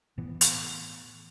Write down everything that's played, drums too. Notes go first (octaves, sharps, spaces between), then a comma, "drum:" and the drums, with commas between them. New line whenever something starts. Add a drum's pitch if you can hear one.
A2 E3 B3
drum: hi-hat